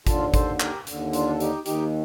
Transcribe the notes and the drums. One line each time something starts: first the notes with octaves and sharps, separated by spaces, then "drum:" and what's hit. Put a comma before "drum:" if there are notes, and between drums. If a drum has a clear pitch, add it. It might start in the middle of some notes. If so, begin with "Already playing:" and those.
D#2 D3 F4 A4, drum: kick G#1, hi-hat
A4 C5, drum: kick G#1, hi-hat
G4 A#4, drum: clap
D#2 D3, drum: hi-hat
D4 F4, drum: hi-hat
A4
D#4 G4, drum: hi-hat
D#2 D#3 D#4 G4, drum: hi-hat